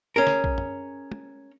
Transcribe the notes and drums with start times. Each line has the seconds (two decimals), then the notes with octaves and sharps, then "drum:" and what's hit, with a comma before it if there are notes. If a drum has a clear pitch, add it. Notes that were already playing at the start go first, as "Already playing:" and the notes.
0.16 C#4 G#4 A#4
0.27 drum: snare
0.44 drum: kick A#1
0.58 drum: tom F#2
1.12 drum: tom